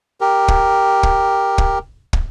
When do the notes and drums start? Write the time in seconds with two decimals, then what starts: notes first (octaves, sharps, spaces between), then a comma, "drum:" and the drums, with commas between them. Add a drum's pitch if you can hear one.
0.21 G4 A#4
0.48 drum: kick
1.03 drum: kick
1.58 drum: kick
2.13 drum: kick